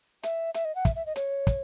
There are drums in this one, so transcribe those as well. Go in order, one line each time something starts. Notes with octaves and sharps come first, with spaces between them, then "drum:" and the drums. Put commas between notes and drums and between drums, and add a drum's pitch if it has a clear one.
E5, drum: hi-hat
E5, drum: hi-hat
D#5
F#5
E5, drum: kick, hi-hat
E5
D#5
C#5, drum: hi-hat
drum: kick, hi-hat